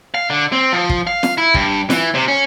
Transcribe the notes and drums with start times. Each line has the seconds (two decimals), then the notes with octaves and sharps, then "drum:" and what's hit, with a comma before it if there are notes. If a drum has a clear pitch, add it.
0.14 F5
0.30 D3
0.52 C4
0.72 F3
0.89 drum: kick
1.07 F5
1.23 drum: snare
1.38 E4
1.54 G2, drum: kick
1.90 E3, drum: snare
2.14 C3
2.28 C#4